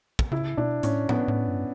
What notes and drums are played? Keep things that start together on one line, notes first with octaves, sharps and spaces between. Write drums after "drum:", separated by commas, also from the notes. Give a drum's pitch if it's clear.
drum: kick
C#3 E4
B2 D4
A2 C#4, drum: hi-hat
B3, drum: tom A2
A2
G2